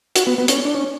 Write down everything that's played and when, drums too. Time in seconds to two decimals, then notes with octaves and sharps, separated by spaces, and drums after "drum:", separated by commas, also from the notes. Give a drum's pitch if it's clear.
0.16 F#4, drum: hi-hat
0.27 B3
0.38 B3
0.48 C#4, drum: hi-hat
0.65 D4
0.75 C#4